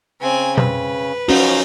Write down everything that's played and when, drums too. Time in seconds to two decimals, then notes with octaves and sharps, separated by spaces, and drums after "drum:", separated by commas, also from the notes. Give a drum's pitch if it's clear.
0.22 C#3 C4 G#5
0.57 B4, drum: tom B2
1.28 F3 C#4 D#4 F#4 A#5, drum: open hi-hat